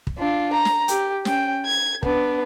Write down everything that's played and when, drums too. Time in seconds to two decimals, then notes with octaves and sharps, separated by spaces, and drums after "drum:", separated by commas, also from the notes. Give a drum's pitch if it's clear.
0.07 drum: kick
0.18 D4 F4
0.53 A#5
0.65 drum: snare
0.88 G4, drum: hi-hat
1.25 C#4 G5, drum: snare
1.65 G#6
2.03 B3 D4, drum: kick